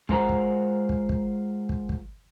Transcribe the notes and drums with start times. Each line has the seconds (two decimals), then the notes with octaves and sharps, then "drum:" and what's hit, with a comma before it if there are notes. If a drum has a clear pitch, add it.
0.09 G#3 F4 A#4 C5 F#5 A#5, drum: kick
0.29 drum: kick
0.89 drum: kick
1.09 drum: kick
1.69 drum: kick
1.89 drum: kick